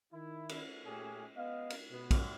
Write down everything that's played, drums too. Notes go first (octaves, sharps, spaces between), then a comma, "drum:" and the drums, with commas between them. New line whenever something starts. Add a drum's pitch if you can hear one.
D#3 E4
drum: cymbal
A#2 A3 C#4 G4 G#4
B3 D#5 F5
drum: cymbal
B2 B3
drum: kick, cymbal